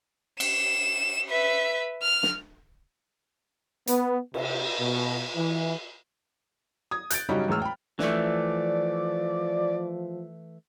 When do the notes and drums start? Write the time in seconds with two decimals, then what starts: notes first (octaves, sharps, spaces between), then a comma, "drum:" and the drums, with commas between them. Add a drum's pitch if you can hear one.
0.40 E7, drum: cymbal
1.30 B4 E5
2.02 F6
2.23 drum: snare
3.87 B3, drum: hi-hat
4.34 C3, drum: cymbal
4.79 B2
5.36 E3
6.91 D#6 G#6
7.10 F#6 G6 A6 D7, drum: hi-hat
7.29 C#3 F#3 G3 C#4 D#4
7.48 E2 A2 G#3 E6 F6
7.62 G5 B5
7.99 E3 F3 A3 D5, drum: snare